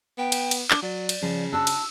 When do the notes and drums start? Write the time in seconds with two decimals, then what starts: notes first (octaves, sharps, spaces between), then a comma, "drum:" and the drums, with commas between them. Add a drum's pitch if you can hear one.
0.18 B3 G5
0.32 drum: cymbal
0.51 drum: cymbal
0.71 D4 D6, drum: clap
0.82 F#3 D5
1.09 drum: cymbal
1.22 C#3 F3
1.52 D4 F#4 A5 E6
1.67 drum: cymbal